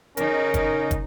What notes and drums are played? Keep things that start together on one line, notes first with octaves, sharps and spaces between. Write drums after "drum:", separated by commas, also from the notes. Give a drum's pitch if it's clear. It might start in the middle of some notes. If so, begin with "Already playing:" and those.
C#3 C#4 D#4 A#4, drum: hi-hat
drum: kick, hi-hat
drum: kick, hi-hat